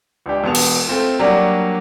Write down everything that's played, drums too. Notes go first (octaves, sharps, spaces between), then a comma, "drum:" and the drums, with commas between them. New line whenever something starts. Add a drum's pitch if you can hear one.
C#2 D4 G4
E1 B3 A5 F7
drum: cymbal
A3 C4 F4
F#3 G3 A#3 D4 F#4 G4